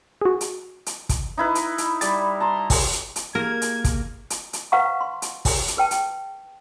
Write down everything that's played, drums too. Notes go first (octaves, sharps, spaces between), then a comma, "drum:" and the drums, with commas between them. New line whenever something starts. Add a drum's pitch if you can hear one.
F#4 G#4
drum: hi-hat
drum: hi-hat
drum: kick, hi-hat
D#4 E4 B4
drum: hi-hat
drum: hi-hat
G3 A6, drum: hi-hat
A5 A#5 C6
drum: kick, open hi-hat
drum: hi-hat
drum: hi-hat
A#3 E4 G4 G#4 A#4 G#6
drum: hi-hat
drum: kick, hi-hat
drum: hi-hat
drum: hi-hat
B4 C5 F5 F#5 A#5 C#6
C6
drum: hi-hat
drum: kick, open hi-hat
drum: hi-hat
G#4 B4 G5 A5
drum: hi-hat